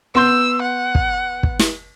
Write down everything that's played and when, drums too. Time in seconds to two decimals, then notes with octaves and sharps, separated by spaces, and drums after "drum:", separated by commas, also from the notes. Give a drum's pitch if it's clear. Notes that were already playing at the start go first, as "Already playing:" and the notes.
0.15 B3 C6 E6 G6
0.62 F#5
0.95 drum: kick
1.43 drum: kick
1.59 drum: snare